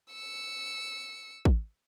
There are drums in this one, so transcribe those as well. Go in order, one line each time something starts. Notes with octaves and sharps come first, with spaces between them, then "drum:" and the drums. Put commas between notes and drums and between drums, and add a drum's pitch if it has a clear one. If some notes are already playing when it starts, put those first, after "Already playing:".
E6 C#7
drum: kick